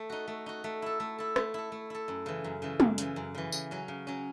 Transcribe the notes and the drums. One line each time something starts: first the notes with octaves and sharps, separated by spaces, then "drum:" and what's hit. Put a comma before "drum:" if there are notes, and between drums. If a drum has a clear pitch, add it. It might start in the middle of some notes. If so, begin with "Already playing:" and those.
Already playing: A3
D#4 F#4
A3
D#4 F#4
A3
E4 A4
A3
E4 A4
A3, drum: rim click
E4 A4
A3
E4 A4
F#2
C#3 E3
F#2
C#3 E3
F#2, drum: tom
C#3 E3, drum: hi-hat
F#2
C#3 E3
C#3, drum: tambourine
F#3 C#4
C#3
F#3 C#4